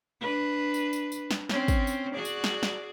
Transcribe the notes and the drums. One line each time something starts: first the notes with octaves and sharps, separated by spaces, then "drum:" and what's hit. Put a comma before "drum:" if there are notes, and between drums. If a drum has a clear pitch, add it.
D4 B4
drum: tambourine
drum: tambourine
drum: tambourine
drum: snare
C4 C#4, drum: snare
drum: kick, tambourine
drum: tambourine
F#4 G#4 D5
drum: tambourine
drum: snare
drum: snare